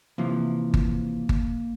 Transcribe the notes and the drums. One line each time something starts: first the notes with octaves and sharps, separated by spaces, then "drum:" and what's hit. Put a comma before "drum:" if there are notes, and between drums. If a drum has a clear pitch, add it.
C3 E3 F3 A#3
drum: kick G1
drum: kick G1